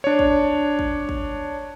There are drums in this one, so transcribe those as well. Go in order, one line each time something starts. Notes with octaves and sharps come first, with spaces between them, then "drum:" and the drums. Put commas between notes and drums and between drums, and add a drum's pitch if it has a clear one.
D4 C#5
drum: kick
drum: kick
drum: kick